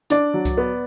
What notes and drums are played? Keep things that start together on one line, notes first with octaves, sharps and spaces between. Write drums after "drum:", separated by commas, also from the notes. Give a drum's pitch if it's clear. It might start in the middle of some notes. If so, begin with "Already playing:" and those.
D4 D5, drum: hi-hat
F#3
drum: kick C2, hi-hat
B3